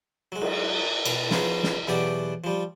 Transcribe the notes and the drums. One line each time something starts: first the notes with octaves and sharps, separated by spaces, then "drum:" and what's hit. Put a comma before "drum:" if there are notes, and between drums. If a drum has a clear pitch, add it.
F#3 G#3
drum: cymbal
B2, drum: cymbal
F3 B3 C#4 D#4 G#4, drum: snare
drum: snare
E2 B2 F#3 G4 D5 D#6
F3 G3